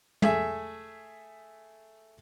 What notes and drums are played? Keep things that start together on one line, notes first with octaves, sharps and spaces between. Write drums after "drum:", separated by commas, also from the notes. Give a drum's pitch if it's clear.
A3 G#4 E5, drum: tom